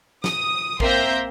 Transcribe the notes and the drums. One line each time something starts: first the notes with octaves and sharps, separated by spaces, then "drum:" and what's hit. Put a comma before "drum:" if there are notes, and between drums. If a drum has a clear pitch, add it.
D#6, drum: snare
A#3 C4 E5 C6 G6 A#6, drum: kick A1